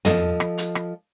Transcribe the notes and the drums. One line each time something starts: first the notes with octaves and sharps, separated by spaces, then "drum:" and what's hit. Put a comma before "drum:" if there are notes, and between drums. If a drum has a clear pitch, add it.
F3 A4 D#5, drum: tom
drum: rim click
drum: hi-hat
drum: rim click